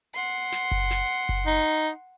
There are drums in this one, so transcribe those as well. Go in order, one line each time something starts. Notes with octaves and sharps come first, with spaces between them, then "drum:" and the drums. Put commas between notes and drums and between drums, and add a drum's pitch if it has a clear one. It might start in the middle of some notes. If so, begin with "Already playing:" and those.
F#5 C6
drum: snare
drum: kick F#1
drum: snare
drum: kick F#1
D#4